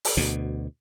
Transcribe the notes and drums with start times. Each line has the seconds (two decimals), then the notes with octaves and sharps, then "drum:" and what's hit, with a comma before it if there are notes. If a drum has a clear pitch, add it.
0.05 drum: open hi-hat
0.17 D2 B2